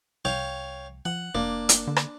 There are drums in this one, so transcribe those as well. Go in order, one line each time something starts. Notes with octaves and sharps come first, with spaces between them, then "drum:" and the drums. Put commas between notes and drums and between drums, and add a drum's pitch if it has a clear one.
C2 C#5 F5 G5
F3 F#5
F1 A#3 D4
drum: hi-hat
D3
drum: rim click